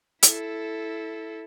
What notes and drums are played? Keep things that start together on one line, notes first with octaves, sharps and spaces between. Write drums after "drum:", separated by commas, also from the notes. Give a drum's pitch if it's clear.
E4 A4, drum: hi-hat